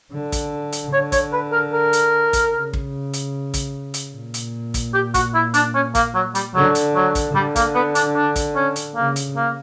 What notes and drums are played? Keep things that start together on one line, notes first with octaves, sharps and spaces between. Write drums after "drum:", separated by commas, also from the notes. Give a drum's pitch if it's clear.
D3
drum: kick, hi-hat
drum: hi-hat
D3 C#5
C#5, drum: kick, hi-hat
B4
A#4
A#4
drum: hi-hat
drum: kick, hi-hat
C#3
drum: kick
drum: hi-hat
drum: kick, hi-hat
drum: hi-hat
A#2
drum: hi-hat
drum: kick, hi-hat
G4
F#4, drum: kick, hi-hat
E4
D4, drum: hi-hat
C#4
A#3, drum: kick, hi-hat
F#3
G3, drum: hi-hat
D3 F#3
drum: hi-hat
F#3
drum: kick, hi-hat
D3 G3
A#3, drum: kick, hi-hat
B3
D4, drum: hi-hat
D4
drum: kick, hi-hat
C#4
drum: hi-hat
C#3 A#3
drum: hi-hat
A#3